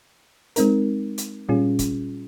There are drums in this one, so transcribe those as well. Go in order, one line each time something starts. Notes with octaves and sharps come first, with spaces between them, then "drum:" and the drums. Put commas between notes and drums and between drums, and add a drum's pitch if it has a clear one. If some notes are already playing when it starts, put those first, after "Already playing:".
G#3 C4 D#4 A#4, drum: hi-hat
drum: hi-hat
A#2 G3 C#4 F4 G#4
drum: kick, hi-hat